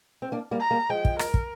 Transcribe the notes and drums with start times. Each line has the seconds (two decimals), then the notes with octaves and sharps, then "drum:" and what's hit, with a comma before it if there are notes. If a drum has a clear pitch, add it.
0.22 C4
0.32 A#3 D4
0.51 G3 A#3
0.61 A#5
0.71 G3 A#3
0.89 F3 G#3 G5
1.05 drum: kick
1.19 A#4, drum: rim click
1.34 drum: kick